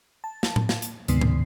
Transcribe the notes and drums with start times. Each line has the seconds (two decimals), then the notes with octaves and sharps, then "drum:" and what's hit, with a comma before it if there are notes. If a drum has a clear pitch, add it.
0.24 A5
0.43 drum: snare
0.56 drum: tom A2
0.69 drum: snare
0.82 drum: hi-hat
1.08 D2 G#2 C3 D#3 B3 C7, drum: hi-hat
1.21 drum: tom A2